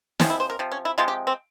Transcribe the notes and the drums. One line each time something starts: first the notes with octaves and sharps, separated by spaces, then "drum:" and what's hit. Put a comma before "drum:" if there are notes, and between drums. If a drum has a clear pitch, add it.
C3 F3 G#3 C#4, drum: snare
E4
C5
A#4
C3 F3
C#4
E4
C3 F3 G#3 F4
G4
C4